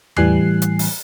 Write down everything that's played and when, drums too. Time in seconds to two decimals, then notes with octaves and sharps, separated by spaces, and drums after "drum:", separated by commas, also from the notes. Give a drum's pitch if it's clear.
0.16 A2 E3 G3 G#5 F#6 C7, drum: tom E2
0.62 drum: hi-hat
0.79 drum: open hi-hat